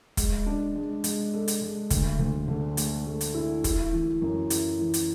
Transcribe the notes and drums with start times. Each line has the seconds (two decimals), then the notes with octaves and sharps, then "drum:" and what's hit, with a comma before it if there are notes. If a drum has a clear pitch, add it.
0.17 G#3, drum: kick, hi-hat
0.46 D4
0.75 G#3
1.04 G#3, drum: hi-hat
1.34 A4
1.48 drum: hi-hat
1.61 G#3
1.90 D2, drum: kick, hi-hat
2.19 D2
2.48 D3
2.77 A3, drum: hi-hat
3.06 A3
3.21 drum: hi-hat
3.34 E4
3.64 E4, drum: kick, hi-hat
3.93 E3
4.22 F#2
4.50 E4, drum: hi-hat
4.79 E3
4.94 drum: hi-hat